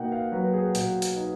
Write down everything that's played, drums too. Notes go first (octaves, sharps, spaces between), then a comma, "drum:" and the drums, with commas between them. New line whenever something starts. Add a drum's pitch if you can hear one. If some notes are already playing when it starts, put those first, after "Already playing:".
Already playing: B2 A#3 D#4 F#5 G5
F5
F#3 B4
G#4
B2, drum: hi-hat
drum: hi-hat
D#4